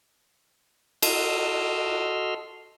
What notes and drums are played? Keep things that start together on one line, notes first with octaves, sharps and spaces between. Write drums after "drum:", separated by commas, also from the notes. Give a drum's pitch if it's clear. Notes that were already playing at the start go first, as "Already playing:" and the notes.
F#4 A4 D#5 C6 E6 F6, drum: cymbal